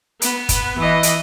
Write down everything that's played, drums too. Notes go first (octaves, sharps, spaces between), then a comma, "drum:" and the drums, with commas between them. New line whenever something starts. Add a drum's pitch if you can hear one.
B3, drum: hi-hat
drum: kick F#1, hi-hat
E3 D#5
drum: hi-hat